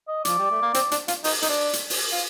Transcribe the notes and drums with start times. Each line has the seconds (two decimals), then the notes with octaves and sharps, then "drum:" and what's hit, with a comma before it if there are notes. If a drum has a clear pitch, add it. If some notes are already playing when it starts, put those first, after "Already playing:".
0.08 D#5
0.25 F3 D5, drum: hi-hat
0.39 G3
0.51 A3
0.62 A#3
0.74 C4, drum: hi-hat
0.91 D4, drum: hi-hat
1.08 F4, drum: hi-hat
1.24 D#4, drum: open hi-hat
1.42 D#4, drum: hi-hat
1.49 D4
1.73 drum: hi-hat
1.90 drum: open hi-hat
2.12 F4